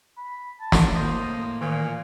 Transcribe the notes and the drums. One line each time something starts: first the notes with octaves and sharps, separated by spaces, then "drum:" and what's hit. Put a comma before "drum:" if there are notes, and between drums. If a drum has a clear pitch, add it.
B5
A5
drum: snare
A2 A#3 C5 D#5
A#2 D#3 E3 F5 G#5